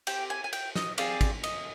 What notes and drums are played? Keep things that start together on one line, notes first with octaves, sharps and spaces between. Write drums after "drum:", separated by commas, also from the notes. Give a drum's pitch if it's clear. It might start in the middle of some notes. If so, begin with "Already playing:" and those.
C4 G4 G5, drum: cymbal
G#5
G#5
G5, drum: cymbal
D#5, drum: snare
C4 F4 G#4 D5, drum: cymbal
drum: kick, cymbal
D#5, drum: cymbal